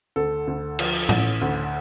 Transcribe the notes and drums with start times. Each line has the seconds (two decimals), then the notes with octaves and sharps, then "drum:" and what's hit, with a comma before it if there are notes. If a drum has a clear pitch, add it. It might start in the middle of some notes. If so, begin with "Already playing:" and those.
0.16 D2 A4
0.47 D2
0.79 F3, drum: cymbal
1.09 A1, drum: tom A2
1.41 D2